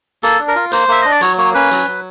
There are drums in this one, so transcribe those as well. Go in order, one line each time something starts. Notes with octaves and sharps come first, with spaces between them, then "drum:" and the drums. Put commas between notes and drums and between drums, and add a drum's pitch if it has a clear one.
A#3 A4, drum: hi-hat
D4
A#4
F4
A#3 C5, drum: hi-hat
A#3 E5
D4 D#5
D5
F#3 C#5, drum: hi-hat
A#3 C#5
C#4 B4
F#3, drum: hi-hat
F#3